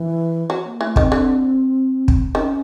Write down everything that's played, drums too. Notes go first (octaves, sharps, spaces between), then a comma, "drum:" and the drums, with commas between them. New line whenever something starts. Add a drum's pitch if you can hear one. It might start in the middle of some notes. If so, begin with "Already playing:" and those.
Already playing: E3
F#3
A#3
E3 A3
D#3 C4, drum: kick
D3
drum: kick
D#3 C#4